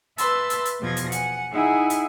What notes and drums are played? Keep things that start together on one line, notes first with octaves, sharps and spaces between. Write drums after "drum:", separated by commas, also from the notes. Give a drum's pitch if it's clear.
B4 E5 A5 C6 E6, drum: hi-hat
drum: hi-hat
drum: hi-hat
E2 B2 F3 G#6 A#6
drum: hi-hat
F#5 G#5, drum: hi-hat
D#4 E4 G#4 E5 F#5 G#5
drum: hi-hat